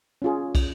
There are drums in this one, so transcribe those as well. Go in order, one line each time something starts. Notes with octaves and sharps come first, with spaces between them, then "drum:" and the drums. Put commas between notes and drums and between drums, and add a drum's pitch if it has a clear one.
C#4 F4 G#4
drum: kick, cymbal